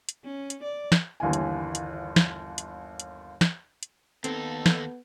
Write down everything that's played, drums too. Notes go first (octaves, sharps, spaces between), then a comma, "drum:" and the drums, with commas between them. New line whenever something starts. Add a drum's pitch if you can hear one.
drum: hi-hat
C#4
drum: hi-hat
D5
drum: snare
G1 D#2 E3 G#5
drum: hi-hat
drum: hi-hat
drum: snare
drum: hi-hat
drum: hi-hat
drum: snare
drum: hi-hat
D#2 B3 C4 D#4 A4, drum: hi-hat
drum: snare